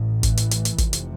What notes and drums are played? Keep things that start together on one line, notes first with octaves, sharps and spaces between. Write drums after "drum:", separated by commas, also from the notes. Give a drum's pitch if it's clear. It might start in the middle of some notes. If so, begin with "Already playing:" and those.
Already playing: A1 A2
E3, drum: kick, hi-hat
drum: hi-hat
drum: hi-hat
drum: hi-hat
F1 F2 C3, drum: kick, hi-hat
drum: hi-hat